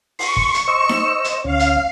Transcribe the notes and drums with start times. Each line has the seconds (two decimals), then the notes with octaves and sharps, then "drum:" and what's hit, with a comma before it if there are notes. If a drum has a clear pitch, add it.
0.19 C6 C#6, drum: open hi-hat
0.36 drum: kick
0.54 drum: hi-hat
0.67 C5 D#5 E6
0.89 drum: snare D#4
1.24 drum: hi-hat
1.44 D2 C#4 F5
1.60 drum: hi-hat